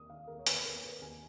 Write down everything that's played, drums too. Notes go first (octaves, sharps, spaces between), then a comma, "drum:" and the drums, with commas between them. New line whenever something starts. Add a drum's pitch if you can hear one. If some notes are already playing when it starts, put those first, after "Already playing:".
Already playing: D#2 A#3 D#6
D#3 F5
D#2 A#4
C#5
D#2 B4, drum: hi-hat
D#2 A#4
A#3 B4
D#2 G#5